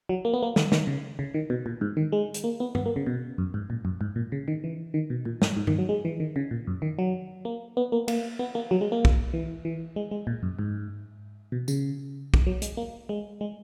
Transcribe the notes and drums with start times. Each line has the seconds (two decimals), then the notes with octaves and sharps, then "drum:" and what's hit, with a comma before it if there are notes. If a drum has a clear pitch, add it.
0.09 F#3
0.25 A#3
0.34 B3
0.42 A#3
0.56 D#3, drum: snare
0.72 D#3, drum: snare
0.87 C#3
1.19 C#3
1.34 D#3
1.50 B2
1.66 A#2
1.81 G#2
1.97 D#3
2.12 G#3
2.34 drum: hi-hat
2.44 A#3
2.60 B3
2.75 B3, drum: tom G2
2.86 A#3
2.96 C#3
3.07 B2
3.38 F#2
3.54 G#2
3.70 A#2
3.85 F#2
4.01 G#2
4.16 A#2
4.32 C#3
4.48 D#3
4.64 E3
4.94 D#3
5.10 B2
5.25 A#2
5.42 G#2, drum: snare
5.57 G#2
5.67 D#3, drum: tom G2
5.79 F#3
5.89 G#3
6.05 E3
6.20 D#3
6.36 C#3
6.51 A#2
6.67 F#2
6.82 D#3
6.99 F#3
7.45 A#3
7.77 B3
7.92 A#3
8.08 A#3, drum: cymbal
8.39 B3
8.55 A#3
8.71 F#3
8.81 G#3
8.92 A#3
9.05 drum: kick
9.33 E3
9.65 E3
9.96 G#3
10.11 G#3
10.27 A#2
10.43 F#2
10.59 G#2
11.52 B2
11.68 C#3, drum: tambourine
12.34 drum: kick
12.47 F#3
12.62 G#3, drum: hi-hat
12.77 A#3
13.09 G#3
13.41 G#3